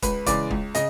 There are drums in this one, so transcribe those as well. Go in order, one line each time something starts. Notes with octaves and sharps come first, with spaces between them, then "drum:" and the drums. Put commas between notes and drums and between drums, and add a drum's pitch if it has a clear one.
C#2 B4 B5, drum: kick, hi-hat
C#3 E3 G#3 D5 D6, drum: kick, hi-hat
C#2, drum: kick
C#3 D#5, drum: hi-hat